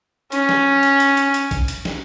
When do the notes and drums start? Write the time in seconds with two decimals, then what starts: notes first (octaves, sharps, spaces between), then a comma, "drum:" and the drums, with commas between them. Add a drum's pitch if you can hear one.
0.32 C#4, drum: hi-hat
0.49 drum: snare
0.83 drum: hi-hat
1.00 drum: hi-hat
1.17 drum: hi-hat
1.34 drum: hi-hat
1.51 drum: kick, hi-hat
1.68 drum: hi-hat
1.85 drum: snare